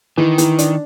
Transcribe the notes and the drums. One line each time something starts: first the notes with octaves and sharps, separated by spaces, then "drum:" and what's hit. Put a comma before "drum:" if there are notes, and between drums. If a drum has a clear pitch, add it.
D#3 E3
E3, drum: hi-hat
D4, drum: hi-hat